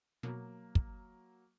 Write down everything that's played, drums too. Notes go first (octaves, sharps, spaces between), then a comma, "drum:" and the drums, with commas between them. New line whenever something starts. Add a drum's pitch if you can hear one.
B2 F#3 A#3
drum: kick